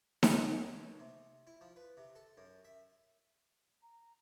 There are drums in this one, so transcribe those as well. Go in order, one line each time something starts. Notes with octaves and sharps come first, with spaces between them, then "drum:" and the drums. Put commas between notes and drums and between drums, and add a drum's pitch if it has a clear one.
F4, drum: snare D#4
G#5
B1
C3
E4
F3
B4
C3
A4
F#2
E5
A#5